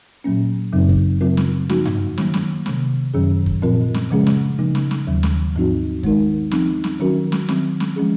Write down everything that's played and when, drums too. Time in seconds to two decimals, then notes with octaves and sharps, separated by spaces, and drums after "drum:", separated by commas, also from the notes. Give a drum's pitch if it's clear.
0.24 A#2 F#3 A#3 C#4
0.73 F#2 C#3 F#3 C4 D#4
0.89 drum: kick
1.21 C#3 F#3 C4 F4 A#4
1.37 drum: snare
1.69 F3 A#3 D#4 F#4, drum: snare
1.85 drum: tom G2
2.18 D#3 F#3 A#3, drum: snare
2.34 drum: snare
2.66 C3 D#3 A#3, drum: snare
3.14 F#2 D#3 F#3 C#4 G#4
3.46 drum: kick
3.62 A#2 F3 C4 F4 A#4
3.94 drum: snare
4.10 C#3 F3 G#3 C#4 G#4
4.27 drum: snare
4.58 C#3 F3 A#3 D#4
4.75 drum: snare
4.91 drum: snare
5.07 D#2 D#3 F#3
5.23 drum: snare
5.55 G#2 F3 C4 D#4 F#4
6.03 D#3 G#3 D#4 A#4, drum: kick
6.51 F3 C4 D#4, drum: snare
6.84 drum: snare
7.00 D#3 F#3 C#4 F#4 A#4
7.32 drum: snare
7.49 D#3 F#3 C4, drum: snare
7.80 drum: snare
7.96 F3 G#3 C#4 G#4